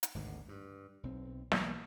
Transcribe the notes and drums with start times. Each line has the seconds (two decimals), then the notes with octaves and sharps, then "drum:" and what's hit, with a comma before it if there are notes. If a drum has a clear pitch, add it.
0.03 drum: hi-hat
0.15 G#1 D2 G#2 B2
0.49 G2
1.03 B1 C4
1.52 B1 E3 A#3 B3, drum: snare